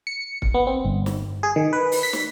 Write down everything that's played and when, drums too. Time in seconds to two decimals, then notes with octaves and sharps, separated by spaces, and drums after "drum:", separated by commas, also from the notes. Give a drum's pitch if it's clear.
0.07 C#7
0.42 drum: kick
0.54 B3
0.67 C4
0.85 G1
1.06 drum: snare
1.43 G#4
1.56 D#3
1.73 B4
1.92 drum: open hi-hat
2.03 B6
2.13 drum: snare